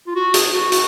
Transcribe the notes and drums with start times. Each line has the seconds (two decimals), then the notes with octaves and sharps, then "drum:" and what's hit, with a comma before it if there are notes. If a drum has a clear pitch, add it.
0.07 F4
0.15 F#4
0.34 G#4, drum: hi-hat
0.53 F#4
0.72 F#4, drum: hi-hat